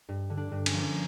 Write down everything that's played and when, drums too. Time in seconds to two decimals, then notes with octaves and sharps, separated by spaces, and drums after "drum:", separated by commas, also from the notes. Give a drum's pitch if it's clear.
0.09 G2
0.30 D3
0.37 D4
0.51 G2
0.66 C#4, drum: cymbal
0.73 F3 A#3
0.82 C#4